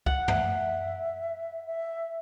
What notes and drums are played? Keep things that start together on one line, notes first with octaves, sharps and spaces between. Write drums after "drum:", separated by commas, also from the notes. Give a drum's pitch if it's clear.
F#5, drum: kick
E5, drum: tom F#2
E5